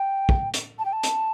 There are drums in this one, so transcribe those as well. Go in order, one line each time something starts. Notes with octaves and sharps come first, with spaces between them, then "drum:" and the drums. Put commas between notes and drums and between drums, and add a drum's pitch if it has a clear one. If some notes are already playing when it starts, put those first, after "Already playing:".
Already playing: G5
drum: kick
drum: hi-hat
A5
G5
A5
drum: hi-hat